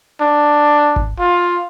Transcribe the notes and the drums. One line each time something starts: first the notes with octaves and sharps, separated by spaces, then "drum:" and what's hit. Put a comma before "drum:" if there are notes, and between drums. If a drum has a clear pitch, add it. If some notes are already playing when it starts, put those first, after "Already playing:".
D4
drum: kick G#1
F4